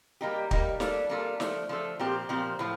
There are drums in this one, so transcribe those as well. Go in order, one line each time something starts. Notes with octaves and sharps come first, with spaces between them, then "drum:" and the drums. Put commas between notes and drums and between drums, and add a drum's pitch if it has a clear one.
G3 A#3 D#4 G4
G3 A#3 D#4 G4, drum: kick
G3 A#3 D4 F4 A4, drum: snare
G3 A#3 D4 F4 A4
F3 A3 D4 A4, drum: snare
F3 A3 D4 A4
A#2 F3 C4 G4
A#2 F3 C4 G4
A2 F3